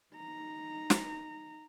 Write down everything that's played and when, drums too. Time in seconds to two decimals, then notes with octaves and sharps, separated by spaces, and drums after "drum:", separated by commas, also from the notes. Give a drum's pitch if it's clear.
0.15 D#4 A#5
0.90 drum: snare